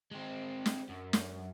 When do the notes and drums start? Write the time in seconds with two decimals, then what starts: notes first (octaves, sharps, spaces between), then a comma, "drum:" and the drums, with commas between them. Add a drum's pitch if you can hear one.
0.11 G#3 C4
0.66 drum: snare
0.89 F#2
1.13 drum: snare